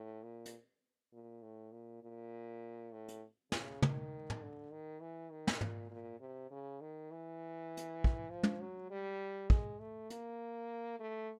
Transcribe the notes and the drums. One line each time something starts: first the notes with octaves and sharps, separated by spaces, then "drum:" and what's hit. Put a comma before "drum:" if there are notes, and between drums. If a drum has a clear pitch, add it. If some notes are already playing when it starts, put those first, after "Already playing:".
Already playing: A2
A#2
drum: hi-hat
A#2
A2
A#2
A#2
A2
drum: hi-hat
C#3, drum: snare
D#3, drum: tom
drum: tom
D3
D#3
E3
D#3
drum: snare
A#2, drum: tom
A#2
C3
C#3
D#3
E3
drum: hi-hat
drum: kick
F3
drum: tom
F#3
G3
G#3, drum: kick
A3
A#3, drum: hi-hat
A3